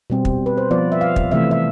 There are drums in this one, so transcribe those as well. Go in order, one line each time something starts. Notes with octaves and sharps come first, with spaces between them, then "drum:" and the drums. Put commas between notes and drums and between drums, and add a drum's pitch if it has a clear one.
B2 G3 C4
drum: kick
B4
C5
F3 B3 F4 D5
E5
F5
drum: kick
C3 E3 A3 E5
E5